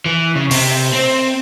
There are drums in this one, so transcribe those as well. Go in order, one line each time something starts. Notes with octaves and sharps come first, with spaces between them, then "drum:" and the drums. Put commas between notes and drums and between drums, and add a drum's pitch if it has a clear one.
E3
C#3
C3, drum: open hi-hat
C4